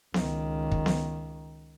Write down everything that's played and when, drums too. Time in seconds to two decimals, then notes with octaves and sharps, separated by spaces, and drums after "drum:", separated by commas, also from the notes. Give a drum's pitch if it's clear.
0.14 C#2 D#3, drum: snare B3
0.71 drum: kick
0.86 drum: snare B3